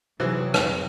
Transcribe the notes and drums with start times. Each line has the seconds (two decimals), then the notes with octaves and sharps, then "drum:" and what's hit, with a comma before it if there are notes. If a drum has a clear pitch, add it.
0.20 C3 E3 F#3 D#4 F#4 G#4 C5
0.54 drum: rim click